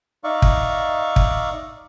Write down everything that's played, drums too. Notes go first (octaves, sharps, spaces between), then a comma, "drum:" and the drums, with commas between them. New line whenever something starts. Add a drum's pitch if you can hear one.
D#4 D5 E5 F5 C#6
drum: kick
drum: kick